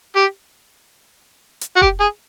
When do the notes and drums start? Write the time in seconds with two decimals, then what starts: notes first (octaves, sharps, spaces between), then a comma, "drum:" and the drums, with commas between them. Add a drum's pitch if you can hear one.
0.16 G4
1.61 drum: hi-hat
1.76 F#4
1.82 G4, drum: kick F1
2.00 G#4